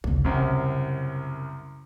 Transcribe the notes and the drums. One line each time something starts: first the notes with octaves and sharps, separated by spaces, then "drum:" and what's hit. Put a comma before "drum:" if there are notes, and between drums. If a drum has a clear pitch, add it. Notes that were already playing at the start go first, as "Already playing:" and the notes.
D2 C#3, drum: kick A1
C2 F#2 C#3